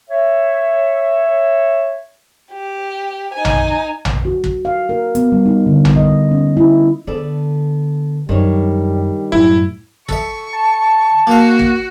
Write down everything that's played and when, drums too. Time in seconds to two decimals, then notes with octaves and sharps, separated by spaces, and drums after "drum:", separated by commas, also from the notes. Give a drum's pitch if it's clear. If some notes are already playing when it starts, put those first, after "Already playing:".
0.10 C#5 E5
2.53 G4
3.34 D#4 G#5
3.45 drum: tom A#1
4.05 drum: tom A#1
4.25 F#4
4.44 drum: kick
4.65 F5
4.89 A#4
5.15 B3, drum: hi-hat
5.32 G3
5.46 D#4
5.66 D3
5.85 drum: tom A#1
5.96 D#5
6.31 C#4
6.57 E4
7.07 D3 B3 A4 D5
8.29 F#2 D#3 G3 D4 C#5
9.32 F#2 A2 E4
10.09 A4 E5 C#6, drum: kick
10.53 A5
11.27 A#3 F#4 F5
11.59 drum: kick